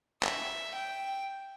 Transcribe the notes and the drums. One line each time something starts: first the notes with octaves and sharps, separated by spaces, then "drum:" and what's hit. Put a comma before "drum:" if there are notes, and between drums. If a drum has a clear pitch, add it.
E5, drum: clap
G5